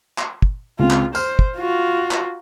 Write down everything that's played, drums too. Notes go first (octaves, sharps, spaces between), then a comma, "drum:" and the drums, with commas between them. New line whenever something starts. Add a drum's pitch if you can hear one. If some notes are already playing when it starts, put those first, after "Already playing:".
drum: clap
drum: kick
C#2 C4 F4
drum: clap
C5 F6, drum: tambourine
drum: kick
F4 F#4
drum: clap